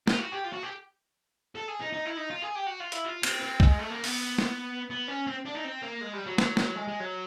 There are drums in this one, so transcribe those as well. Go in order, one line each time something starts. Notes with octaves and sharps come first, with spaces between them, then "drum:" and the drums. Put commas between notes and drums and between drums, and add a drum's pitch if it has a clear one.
F4, drum: snare
F#4
G4
F4
F#4
G4
A4
G#4
D#4
D#4
E4
D#4
F4
G#4
G4
F#4
F4
E4, drum: hi-hat
F4
C4, drum: cymbal
C4
G#3, drum: kick B1
A3
A#3
B3, drum: open hi-hat
drum: snare
B3
C#4
C4
D4
D#4
C4
A#3
G#3
G3
F#3
F#3, drum: snare
F#3, drum: snare
G#3
G#3
F#3